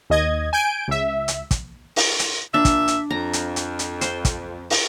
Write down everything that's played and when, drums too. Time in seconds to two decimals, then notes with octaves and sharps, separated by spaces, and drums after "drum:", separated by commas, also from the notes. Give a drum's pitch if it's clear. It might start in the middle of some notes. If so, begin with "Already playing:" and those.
0.10 D#2 D#5 G#6
0.53 G#5 G6 D7
0.88 C#2 E5
1.28 drum: hi-hat
1.51 drum: kick, hi-hat
1.96 drum: open hi-hat
2.19 drum: hi-hat
2.54 A#2 D4 E5
2.65 drum: kick, hi-hat
2.88 drum: hi-hat
3.11 F2 A#5
3.33 drum: hi-hat
3.56 drum: hi-hat
3.79 drum: hi-hat
4.01 C5, drum: hi-hat
4.25 drum: kick, hi-hat
4.70 drum: open hi-hat